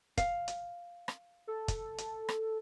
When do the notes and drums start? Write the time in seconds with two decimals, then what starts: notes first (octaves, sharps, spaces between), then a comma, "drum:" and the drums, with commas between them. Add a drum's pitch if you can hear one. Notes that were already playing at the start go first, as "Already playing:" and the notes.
0.17 F5, drum: kick, hi-hat
0.48 drum: hi-hat
1.08 drum: rim click
1.47 A4
1.68 drum: kick, hi-hat
1.98 drum: hi-hat
2.29 drum: rim click